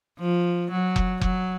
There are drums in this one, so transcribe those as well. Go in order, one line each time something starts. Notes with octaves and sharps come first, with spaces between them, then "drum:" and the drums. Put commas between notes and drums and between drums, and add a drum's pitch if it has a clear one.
F3
F#3
drum: kick F1
F#3, drum: kick F1